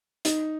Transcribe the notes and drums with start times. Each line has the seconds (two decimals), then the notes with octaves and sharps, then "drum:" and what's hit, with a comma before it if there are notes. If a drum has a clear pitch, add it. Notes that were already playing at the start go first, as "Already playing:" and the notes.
0.25 D#4, drum: hi-hat